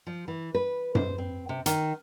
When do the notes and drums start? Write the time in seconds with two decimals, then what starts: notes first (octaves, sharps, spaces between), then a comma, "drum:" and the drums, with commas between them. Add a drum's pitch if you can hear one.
0.07 F3
0.28 E3
0.55 B4
0.95 C5, drum: tom F#2
1.18 C4
1.49 C3
1.66 D#3, drum: hi-hat